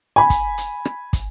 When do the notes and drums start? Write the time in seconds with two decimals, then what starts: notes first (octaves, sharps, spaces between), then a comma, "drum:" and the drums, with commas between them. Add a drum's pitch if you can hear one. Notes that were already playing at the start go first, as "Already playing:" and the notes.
0.16 G#5 B5
0.30 drum: kick, hi-hat
0.58 drum: hi-hat
0.85 drum: rim click
1.13 drum: kick, hi-hat